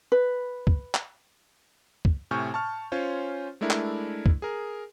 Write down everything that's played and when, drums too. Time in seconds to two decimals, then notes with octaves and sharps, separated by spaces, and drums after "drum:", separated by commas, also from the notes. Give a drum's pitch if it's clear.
0.12 B4
0.67 drum: kick C#2
0.95 drum: clap
2.05 drum: kick C#2
2.31 A2 C3 G#5 C#6 F6 G6
2.54 A5 C#6 F6
2.92 C#4 F4 C5 C#5
3.61 G#3 A3 D4 E4 A#4
3.70 drum: clap
4.26 drum: kick C#2
4.42 G#4 A#4